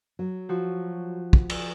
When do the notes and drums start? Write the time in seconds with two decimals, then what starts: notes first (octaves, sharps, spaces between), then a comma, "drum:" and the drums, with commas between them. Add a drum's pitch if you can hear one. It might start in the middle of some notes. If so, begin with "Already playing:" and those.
0.19 F#3
0.49 F3 F#4
1.33 drum: kick
1.50 drum: cymbal